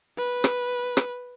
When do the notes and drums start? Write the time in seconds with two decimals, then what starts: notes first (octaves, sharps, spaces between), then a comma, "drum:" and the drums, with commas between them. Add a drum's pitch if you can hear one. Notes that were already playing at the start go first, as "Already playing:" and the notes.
0.17 B4
0.44 drum: rim click
0.97 drum: rim click